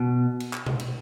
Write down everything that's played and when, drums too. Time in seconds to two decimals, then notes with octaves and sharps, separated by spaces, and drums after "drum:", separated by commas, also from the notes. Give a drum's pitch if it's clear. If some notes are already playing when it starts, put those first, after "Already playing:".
Already playing: B2
0.40 drum: cymbal
0.53 drum: clap
0.66 drum: tom B2
0.80 drum: cymbal